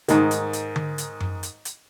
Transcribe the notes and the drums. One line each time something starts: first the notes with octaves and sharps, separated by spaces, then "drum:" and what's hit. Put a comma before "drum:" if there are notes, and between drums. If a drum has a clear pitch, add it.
G#2 D#3, drum: hi-hat
drum: hi-hat
drum: hi-hat
drum: tom D3
drum: hi-hat
drum: tom F#2
drum: hi-hat
drum: hi-hat